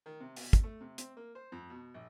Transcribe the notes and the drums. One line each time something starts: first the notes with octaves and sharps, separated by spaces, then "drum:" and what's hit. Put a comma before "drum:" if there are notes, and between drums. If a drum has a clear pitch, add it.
D#3
C3
B2, drum: open hi-hat
drum: kick, hi-hat
A3
C3
C4, drum: hi-hat
A#3
C5
F2
B2
A#1